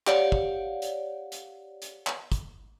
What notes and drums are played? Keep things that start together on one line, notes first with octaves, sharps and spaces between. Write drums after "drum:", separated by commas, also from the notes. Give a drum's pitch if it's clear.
G4 C#5 D5 F5 F#5, drum: clap
drum: kick
drum: hi-hat
drum: hi-hat
drum: hi-hat
drum: clap
drum: kick, hi-hat